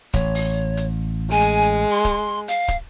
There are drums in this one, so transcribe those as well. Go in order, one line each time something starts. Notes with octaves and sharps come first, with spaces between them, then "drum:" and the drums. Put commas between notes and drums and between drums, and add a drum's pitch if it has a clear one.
A1 C#5, drum: kick, hi-hat
drum: open hi-hat
drum: hi-hat
G#3 G#5
drum: hi-hat
drum: hi-hat
C6
drum: kick, hi-hat
F5, drum: hi-hat
drum: kick, hi-hat